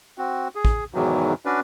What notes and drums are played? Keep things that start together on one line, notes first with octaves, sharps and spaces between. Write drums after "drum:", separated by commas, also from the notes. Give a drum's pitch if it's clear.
C4 F#4
G#4
drum: kick
E2 G#2 B2 D#3 E3 F#3
C#4 D4 F#4 B4 D5